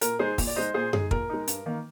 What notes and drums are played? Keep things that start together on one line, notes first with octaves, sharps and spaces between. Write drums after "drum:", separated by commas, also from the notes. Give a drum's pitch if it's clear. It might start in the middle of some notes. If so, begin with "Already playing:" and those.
A#2 A#4, drum: hi-hat
G#3 D#4 G#4 C5
A#2, drum: kick, open hi-hat
D5
G#3 D#4 C5 D#5
A#2 G#4 C5
G#3 D#4 G#4, drum: tom F#2
A#2 A#4, drum: kick
G#3 D#4
G2, drum: hi-hat
D#3 A#3